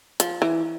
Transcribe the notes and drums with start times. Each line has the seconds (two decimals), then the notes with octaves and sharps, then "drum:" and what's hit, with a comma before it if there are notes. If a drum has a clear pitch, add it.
0.20 F3, drum: hi-hat
0.42 E3